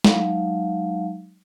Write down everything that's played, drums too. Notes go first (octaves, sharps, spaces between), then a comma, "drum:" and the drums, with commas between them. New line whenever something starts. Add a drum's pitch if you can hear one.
F#3 G#3 D#4 F5 F#5 A5, drum: snare